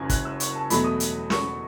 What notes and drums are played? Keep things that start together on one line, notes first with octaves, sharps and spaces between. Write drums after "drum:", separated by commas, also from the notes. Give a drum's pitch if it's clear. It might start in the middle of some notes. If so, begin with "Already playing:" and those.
Already playing: F#1 F#2 C#3 F#3 G#6
F#6, drum: kick, hi-hat
E6
C#6, drum: hi-hat
A5
E2 B2 F#3 A3 B5, drum: hi-hat
D#6
drum: hi-hat
C#6, drum: snare